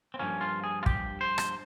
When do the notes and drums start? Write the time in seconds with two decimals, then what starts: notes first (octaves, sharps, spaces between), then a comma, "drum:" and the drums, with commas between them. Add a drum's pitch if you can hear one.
0.14 C4
0.19 G2 F3 A#3 C#4
0.41 F4
0.64 G#4
0.83 F4
0.86 G4, drum: kick
1.21 C5
1.38 drum: rim click